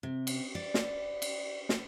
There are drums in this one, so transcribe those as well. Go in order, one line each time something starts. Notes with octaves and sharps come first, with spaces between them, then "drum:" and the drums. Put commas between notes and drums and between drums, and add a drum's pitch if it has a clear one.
C3
drum: cymbal
D5
drum: snare
drum: cymbal
drum: snare